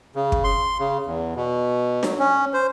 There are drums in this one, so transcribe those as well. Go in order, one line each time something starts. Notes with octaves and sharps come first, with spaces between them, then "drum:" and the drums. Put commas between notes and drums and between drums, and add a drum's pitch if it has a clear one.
C#3
drum: kick
C6
C#3
E2
B2
F#3, drum: snare D4
C#4
C5